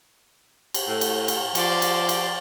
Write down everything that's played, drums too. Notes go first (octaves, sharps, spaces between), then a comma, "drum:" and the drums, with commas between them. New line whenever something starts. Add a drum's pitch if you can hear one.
drum: cymbal
A2
drum: cymbal
drum: cymbal
F3 D5 C6, drum: cymbal
drum: cymbal
drum: cymbal